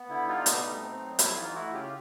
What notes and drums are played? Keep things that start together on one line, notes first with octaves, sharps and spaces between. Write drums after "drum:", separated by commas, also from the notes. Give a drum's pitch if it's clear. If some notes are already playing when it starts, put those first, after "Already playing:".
Already playing: B3
D3 E4
G3 D#4 F4
B2 D#4, drum: hi-hat
A3
C4
F#3
F2 E4, drum: hi-hat
E3 D#4 F4
A3 E4 F#4
C#3 F4 G4
F4